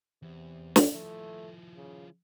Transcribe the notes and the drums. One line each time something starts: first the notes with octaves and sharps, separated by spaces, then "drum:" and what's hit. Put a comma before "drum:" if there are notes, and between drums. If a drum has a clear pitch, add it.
E2 C3
drum: snare
F3 A3 E4
C#3